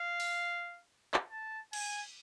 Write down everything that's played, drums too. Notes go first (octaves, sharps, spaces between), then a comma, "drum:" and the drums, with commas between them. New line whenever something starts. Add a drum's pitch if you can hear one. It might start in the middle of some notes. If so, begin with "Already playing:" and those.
Already playing: F5
drum: open hi-hat
drum: clap
A5
G#5, drum: cymbal